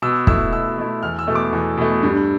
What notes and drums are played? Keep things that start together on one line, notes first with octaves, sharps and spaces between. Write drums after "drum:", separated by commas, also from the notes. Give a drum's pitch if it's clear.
B2 E6
A3 E4 E6, drum: kick
B2 E6
A3 E4
E2 F6
E6
B2 A3
D6
E2
B2 A3
G2